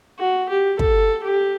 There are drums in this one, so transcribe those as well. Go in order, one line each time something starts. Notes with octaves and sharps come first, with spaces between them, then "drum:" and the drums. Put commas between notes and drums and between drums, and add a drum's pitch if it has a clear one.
F#4
G4
A4, drum: kick
G4